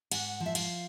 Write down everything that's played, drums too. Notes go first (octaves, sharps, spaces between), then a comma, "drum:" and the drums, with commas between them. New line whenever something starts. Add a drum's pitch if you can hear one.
G#2 F#5, drum: cymbal
F3
E5
F5, drum: cymbal